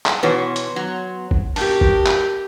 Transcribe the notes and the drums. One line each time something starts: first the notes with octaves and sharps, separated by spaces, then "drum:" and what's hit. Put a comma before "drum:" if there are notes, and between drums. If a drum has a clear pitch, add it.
drum: clap
B2 E3 B3 F#4 C#5 C6
drum: hi-hat
F#3
drum: kick
G2 B2 G4 A#4 A5, drum: open hi-hat
drum: kick
drum: clap